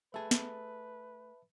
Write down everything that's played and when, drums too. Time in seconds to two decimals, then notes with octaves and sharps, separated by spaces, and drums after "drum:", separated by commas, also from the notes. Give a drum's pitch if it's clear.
0.14 A3 G#4 B4 E5 A5
0.31 drum: snare